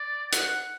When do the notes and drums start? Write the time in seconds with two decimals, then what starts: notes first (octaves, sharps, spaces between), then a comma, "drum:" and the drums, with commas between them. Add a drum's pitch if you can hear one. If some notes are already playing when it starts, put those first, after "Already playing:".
Already playing: D5
0.32 F#5, drum: hi-hat